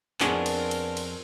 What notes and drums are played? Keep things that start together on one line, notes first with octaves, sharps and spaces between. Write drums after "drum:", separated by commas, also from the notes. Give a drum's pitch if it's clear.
F2 B3 C4 D4 G#4 A#4 G#5 C#6, drum: clap
drum: cymbal
drum: cymbal
drum: cymbal